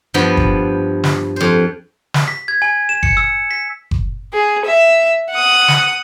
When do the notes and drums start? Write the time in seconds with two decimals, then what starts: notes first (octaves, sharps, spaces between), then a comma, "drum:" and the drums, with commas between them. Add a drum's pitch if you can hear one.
0.14 G2 F3 B3 G5 B5
0.37 drum: kick F#1
1.04 drum: snare
1.36 F2 C5
2.14 drum: snare
2.28 B6
2.48 G#6
2.62 G#5
2.89 E7
3.03 C#7, drum: kick F#1
3.17 E6
3.51 B6
3.91 drum: kick F#1
4.33 G#4
4.66 E5
5.32 F#5 D#6
5.68 drum: snare